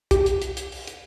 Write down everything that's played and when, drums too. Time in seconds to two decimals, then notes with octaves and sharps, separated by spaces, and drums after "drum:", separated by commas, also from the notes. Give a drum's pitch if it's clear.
0.11 G4, drum: kick, hi-hat
0.26 drum: hi-hat
0.42 drum: hi-hat
0.57 drum: hi-hat
0.72 drum: open hi-hat
0.87 drum: hi-hat